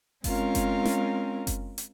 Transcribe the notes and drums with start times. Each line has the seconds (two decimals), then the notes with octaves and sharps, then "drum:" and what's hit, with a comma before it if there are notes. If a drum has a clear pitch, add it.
0.24 G#3 C4 C#4 F4 A#4, drum: kick F#1, open hi-hat
0.55 drum: kick F#1, hi-hat
0.86 drum: snare
1.47 drum: kick F#1, hi-hat
1.78 drum: hi-hat